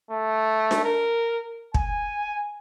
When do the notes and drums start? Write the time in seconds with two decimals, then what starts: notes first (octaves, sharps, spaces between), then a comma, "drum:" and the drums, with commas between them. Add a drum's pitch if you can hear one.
0.11 A3
0.71 drum: snare D4
0.84 A#4
1.74 G#5, drum: kick